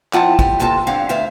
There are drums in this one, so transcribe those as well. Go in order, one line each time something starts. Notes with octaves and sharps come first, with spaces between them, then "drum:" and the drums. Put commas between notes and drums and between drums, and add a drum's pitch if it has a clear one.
F3 C4 E4 F4 F#5 A5, drum: clap
G3, drum: kick
D#2 C3 C4 F4 A4 A5
G2 D3 C4 C#5 F5 F#5
D2 C5 E5 F5